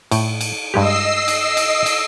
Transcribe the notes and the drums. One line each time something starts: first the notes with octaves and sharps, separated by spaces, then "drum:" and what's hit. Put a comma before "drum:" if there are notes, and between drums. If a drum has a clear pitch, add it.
A2 G5, drum: cymbal
drum: cymbal
G2 G#3 G4 D#5 E6 C7
drum: cymbal
drum: cymbal
drum: cymbal